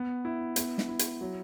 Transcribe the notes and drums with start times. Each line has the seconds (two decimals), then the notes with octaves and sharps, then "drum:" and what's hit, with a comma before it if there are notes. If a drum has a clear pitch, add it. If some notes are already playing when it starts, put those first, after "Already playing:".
Already playing: B3
0.25 E4
0.56 B3, drum: hi-hat
0.78 drum: snare
0.88 E4
0.99 drum: hi-hat
1.21 F#3